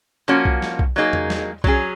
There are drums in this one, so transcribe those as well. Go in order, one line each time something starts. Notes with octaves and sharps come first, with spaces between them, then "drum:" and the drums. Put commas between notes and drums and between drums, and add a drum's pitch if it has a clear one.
F3 A#3 C#4 F#4
drum: kick B1
drum: snare
drum: kick B1
F#3 A#3 D#4 G#4
drum: tom E2
drum: snare
F#3 C#4 G#4, drum: kick B1